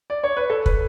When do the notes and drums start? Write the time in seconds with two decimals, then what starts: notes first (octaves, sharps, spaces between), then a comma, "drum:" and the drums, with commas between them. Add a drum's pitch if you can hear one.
0.10 D5
0.23 C#5
0.37 B4
0.50 A4
0.66 B4, drum: kick